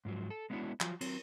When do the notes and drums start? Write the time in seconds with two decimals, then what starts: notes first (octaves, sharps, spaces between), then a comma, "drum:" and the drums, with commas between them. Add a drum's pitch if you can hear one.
0.05 G#2 F3 F#3
0.30 A4
0.50 G#3 B3 C#4 D4 E4 F#4
0.81 F3 F#3 F4, drum: clap
1.01 F#3 C4, drum: cymbal